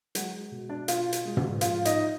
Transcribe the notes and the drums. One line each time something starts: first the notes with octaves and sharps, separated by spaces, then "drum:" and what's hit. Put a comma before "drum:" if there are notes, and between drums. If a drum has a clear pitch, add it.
F#3 G#3 F#4, drum: hi-hat
B2
D4 D5
B2 F4 F5, drum: hi-hat
drum: hi-hat
G#3
drum: tom
F3 F4 F5, drum: hi-hat
D#4 D#5, drum: hi-hat